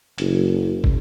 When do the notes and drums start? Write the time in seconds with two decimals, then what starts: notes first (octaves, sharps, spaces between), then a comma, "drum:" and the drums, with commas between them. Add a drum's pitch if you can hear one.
0.18 F#1, drum: hi-hat
0.84 drum: kick